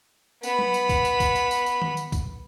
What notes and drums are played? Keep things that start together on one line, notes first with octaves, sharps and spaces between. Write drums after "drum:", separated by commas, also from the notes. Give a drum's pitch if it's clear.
B3 B5, drum: tambourine
drum: tom F#3
drum: tambourine
drum: kick, tambourine
drum: tambourine
drum: kick, tambourine
drum: tambourine
drum: tambourine
drum: tambourine
drum: tom D#3
drum: tambourine
drum: kick, tambourine